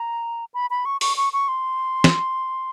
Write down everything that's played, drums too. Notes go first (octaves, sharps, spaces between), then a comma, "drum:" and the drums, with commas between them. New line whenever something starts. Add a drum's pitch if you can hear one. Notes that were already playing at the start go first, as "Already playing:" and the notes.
Already playing: A#5
B5
B5
C#6
C#6, drum: open hi-hat
C#6
C#6
C6
drum: snare